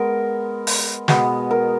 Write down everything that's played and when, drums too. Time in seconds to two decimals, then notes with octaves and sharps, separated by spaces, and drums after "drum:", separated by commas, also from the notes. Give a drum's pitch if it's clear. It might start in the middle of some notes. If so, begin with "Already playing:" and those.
Already playing: G#3 B3 A#4
0.67 drum: open hi-hat
1.08 B2 G#3 B3, drum: snare
1.51 A#4